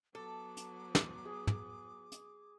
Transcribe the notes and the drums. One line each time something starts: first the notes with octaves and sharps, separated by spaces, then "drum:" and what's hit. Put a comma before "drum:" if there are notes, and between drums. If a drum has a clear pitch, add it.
F#3 B3 A4 D6
drum: hi-hat
drum: snare
G#4
drum: tom
drum: hi-hat